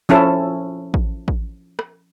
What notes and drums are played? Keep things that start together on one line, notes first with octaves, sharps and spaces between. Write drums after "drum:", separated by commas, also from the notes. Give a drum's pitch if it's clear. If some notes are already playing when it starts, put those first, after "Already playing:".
F3 C#4 E4 A4
drum: kick A1
drum: kick A1
drum: rim click